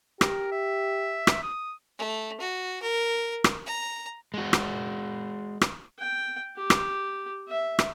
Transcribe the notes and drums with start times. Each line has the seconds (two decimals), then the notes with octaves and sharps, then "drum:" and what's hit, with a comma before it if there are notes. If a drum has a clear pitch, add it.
0.21 G4 A#4, drum: rim click
0.52 E5
1.27 drum: rim click
1.43 D#6
1.98 A3
2.40 F#4
2.82 A#4
3.44 drum: rim click
3.66 A#5
4.34 G#3 F#4
4.53 drum: rim click
5.61 drum: rim click
5.99 G5
6.56 G4
6.70 drum: rim click
7.48 E5
7.79 drum: rim click